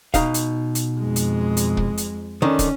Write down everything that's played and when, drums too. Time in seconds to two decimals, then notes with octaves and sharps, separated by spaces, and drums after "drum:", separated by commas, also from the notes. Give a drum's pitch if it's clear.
0.14 B2 D#4 F5, drum: kick, hi-hat
0.34 drum: hi-hat
0.75 drum: hi-hat
1.00 F2 G#3
1.16 drum: hi-hat
1.57 drum: hi-hat
1.77 drum: kick
1.98 drum: hi-hat
2.42 D3 D#3 C#4
2.59 drum: kick, hi-hat